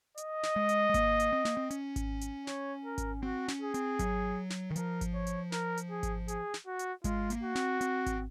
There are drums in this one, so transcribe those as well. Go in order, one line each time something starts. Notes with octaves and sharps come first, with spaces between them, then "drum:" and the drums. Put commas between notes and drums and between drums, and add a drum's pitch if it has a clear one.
D#5, drum: hi-hat
drum: snare
G#3
drum: hi-hat
G#3
A#3, drum: kick G#1, hi-hat
drum: hi-hat
C4
A#3, drum: snare
C4
C#4, drum: hi-hat
drum: kick G#1, hi-hat
drum: hi-hat
C#5, drum: snare
A#4
drum: kick G#1, hi-hat
C4 F#4
C#4, drum: snare
G#4
C4, drum: hi-hat
F#3, drum: kick G#1, hi-hat
drum: snare
D#3
F3 A#4, drum: hi-hat
drum: kick G#1, hi-hat
C#5
drum: hi-hat
A#4, drum: snare
drum: hi-hat
G#4
drum: kick G#1, hi-hat
G#4, drum: hi-hat
drum: snare
F#4
drum: hi-hat
G#3 F4, drum: kick G#1, hi-hat
A#3, drum: hi-hat
F#4
C4, drum: snare
C4, drum: hi-hat
drum: kick G#1, hi-hat